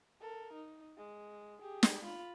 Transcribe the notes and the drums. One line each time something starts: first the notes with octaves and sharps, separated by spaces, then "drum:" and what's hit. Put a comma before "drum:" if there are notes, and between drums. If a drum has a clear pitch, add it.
A4 A#4
D#4
G#3
G4 G#4
drum: snare
F4 B5